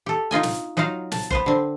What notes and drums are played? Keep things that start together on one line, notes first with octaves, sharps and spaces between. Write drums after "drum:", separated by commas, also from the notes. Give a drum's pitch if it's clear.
G4 A4
D#4 F4 D#5 G#5
drum: snare
F#3 D#4 F4 F#4 F5
A5, drum: snare
B3 B4 C5, drum: kick F#1
D3 C4